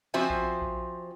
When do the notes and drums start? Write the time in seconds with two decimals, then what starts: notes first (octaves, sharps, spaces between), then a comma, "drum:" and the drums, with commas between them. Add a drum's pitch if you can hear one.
0.14 F3 C4 F#4 C5 E5 G#5
0.30 drum: kick A#1
0.61 drum: kick A#1